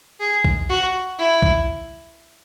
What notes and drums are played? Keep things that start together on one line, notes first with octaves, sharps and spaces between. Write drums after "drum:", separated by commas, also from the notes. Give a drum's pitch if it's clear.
G#4
drum: kick B1
F#4
E4
drum: kick B1